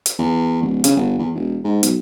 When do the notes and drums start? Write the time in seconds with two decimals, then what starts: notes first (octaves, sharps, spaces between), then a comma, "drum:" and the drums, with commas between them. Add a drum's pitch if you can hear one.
0.06 drum: hi-hat
0.19 E2
0.62 D1
0.84 C#3, drum: hi-hat
0.97 G1
1.19 E2
1.35 E1
1.64 G#2
1.83 B1, drum: hi-hat